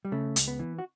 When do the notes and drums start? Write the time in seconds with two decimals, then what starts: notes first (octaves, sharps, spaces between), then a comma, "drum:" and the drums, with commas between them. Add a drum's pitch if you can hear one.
0.05 G3
0.12 C#3 A3
0.36 C#2, drum: hi-hat
0.48 B3
0.59 E3
0.78 F#4